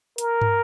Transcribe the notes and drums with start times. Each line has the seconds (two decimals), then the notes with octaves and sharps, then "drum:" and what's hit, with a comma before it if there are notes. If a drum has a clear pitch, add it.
0.18 A#4, drum: hi-hat
0.41 drum: tom